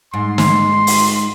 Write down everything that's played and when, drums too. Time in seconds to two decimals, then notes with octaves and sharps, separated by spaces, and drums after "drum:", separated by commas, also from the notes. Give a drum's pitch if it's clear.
0.14 G#2 C6
0.38 drum: snare
0.87 drum: open hi-hat